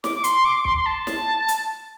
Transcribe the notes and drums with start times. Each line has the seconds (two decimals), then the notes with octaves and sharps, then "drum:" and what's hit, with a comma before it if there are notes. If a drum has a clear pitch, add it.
0.04 D6, drum: snare
0.16 D6
0.24 C6, drum: hi-hat
0.45 D6
0.65 C6, drum: kick B1
0.77 C6
0.86 A5
1.07 drum: snare
1.48 drum: hi-hat